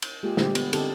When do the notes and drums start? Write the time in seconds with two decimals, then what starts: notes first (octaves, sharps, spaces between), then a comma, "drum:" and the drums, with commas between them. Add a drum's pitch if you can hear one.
0.02 drum: cymbal
0.23 G#3 A#3 F4 G4 G#4
0.37 D3 G3 G#3 G4 C5, drum: snare
0.55 B3, drum: cymbal
0.73 D3 C4 D#4 G4 A4, drum: cymbal